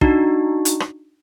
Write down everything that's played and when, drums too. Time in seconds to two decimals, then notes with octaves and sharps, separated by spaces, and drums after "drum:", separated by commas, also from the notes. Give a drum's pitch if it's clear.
0.01 D4 D#4 F#4, drum: kick
0.65 drum: hi-hat
0.80 drum: rim click